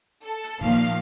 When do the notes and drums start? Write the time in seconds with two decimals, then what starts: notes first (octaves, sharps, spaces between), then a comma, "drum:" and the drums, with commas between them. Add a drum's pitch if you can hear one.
0.24 A4
0.44 drum: hi-hat
0.61 A#2 D#3 F3 F5, drum: kick
0.84 drum: hi-hat